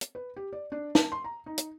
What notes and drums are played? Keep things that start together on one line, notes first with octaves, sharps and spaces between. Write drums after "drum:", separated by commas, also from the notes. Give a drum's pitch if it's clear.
drum: hi-hat
B4
G4
D5
D4
A5, drum: snare
C6
A#5
D#4
drum: hi-hat